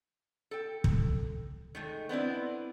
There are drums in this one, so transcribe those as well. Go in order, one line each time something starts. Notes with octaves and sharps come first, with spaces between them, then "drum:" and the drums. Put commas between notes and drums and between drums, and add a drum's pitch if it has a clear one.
A4 G5
drum: kick
D#3 G#3 A3
B3 C4 D4 E4